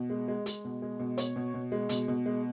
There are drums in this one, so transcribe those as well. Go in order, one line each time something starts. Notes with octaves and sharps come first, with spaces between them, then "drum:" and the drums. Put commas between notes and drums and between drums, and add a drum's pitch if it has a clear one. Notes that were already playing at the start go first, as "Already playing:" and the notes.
Already playing: B2
G#3
G#3
G#3, drum: hi-hat
B2
G#3
B2
B2 C#5, drum: hi-hat
B2
B2
G#3
B2, drum: hi-hat
B2
G#3